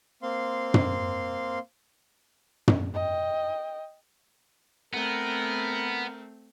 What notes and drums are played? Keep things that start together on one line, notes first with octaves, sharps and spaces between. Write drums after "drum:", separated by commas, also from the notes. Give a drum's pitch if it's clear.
A#3 C4 F5 C6
drum: tom
drum: tom
D#5 G5
A3 B3 C4 A#4